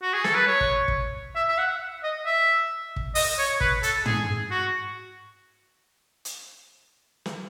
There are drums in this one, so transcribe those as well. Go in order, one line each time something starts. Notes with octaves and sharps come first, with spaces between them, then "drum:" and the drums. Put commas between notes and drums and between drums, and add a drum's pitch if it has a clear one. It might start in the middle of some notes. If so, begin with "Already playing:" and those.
F#4
G#4
A4, drum: snare
B4
C#5
drum: kick
drum: kick
E5
E5
F#5
D#5
E5
drum: kick
D#5, drum: open hi-hat
C#5
B4, drum: kick
A4, drum: hi-hat
G#4, drum: tom
F#4
drum: hi-hat
drum: snare